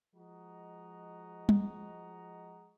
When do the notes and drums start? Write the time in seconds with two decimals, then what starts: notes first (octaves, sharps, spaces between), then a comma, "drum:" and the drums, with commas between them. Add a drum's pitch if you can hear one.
0.15 F3 G#3 F#4 D#5 A#5
1.49 drum: tom